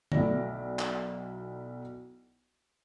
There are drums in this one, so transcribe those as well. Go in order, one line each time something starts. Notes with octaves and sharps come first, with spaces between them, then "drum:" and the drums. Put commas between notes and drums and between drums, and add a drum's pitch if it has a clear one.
B1 E4 A4 D5 A#6, drum: tom D3
drum: clap